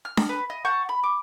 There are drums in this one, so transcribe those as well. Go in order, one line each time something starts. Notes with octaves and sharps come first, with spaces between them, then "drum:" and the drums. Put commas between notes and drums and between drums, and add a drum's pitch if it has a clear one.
F6
drum: snare D4
B4
D#5
F#5 A5 C#6 G6
B5
D6